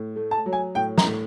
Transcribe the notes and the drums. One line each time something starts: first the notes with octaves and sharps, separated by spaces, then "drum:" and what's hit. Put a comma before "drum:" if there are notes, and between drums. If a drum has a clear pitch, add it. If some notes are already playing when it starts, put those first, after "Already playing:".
Already playing: A2
A3
A5
F#3
G#5
A2 G5
A#5, drum: snare
A2